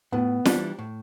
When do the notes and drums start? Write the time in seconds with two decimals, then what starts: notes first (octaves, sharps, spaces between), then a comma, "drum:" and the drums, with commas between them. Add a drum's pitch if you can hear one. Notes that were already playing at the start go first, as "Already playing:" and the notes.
0.12 A2 B3
0.45 E3 G3 D4, drum: snare
0.79 A2